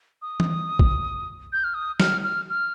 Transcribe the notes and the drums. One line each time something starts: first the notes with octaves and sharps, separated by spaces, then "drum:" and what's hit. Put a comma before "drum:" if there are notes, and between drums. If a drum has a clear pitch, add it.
D#6
drum: tom E3
drum: kick
G6
F6
D#6
F6, drum: snare
F6
F6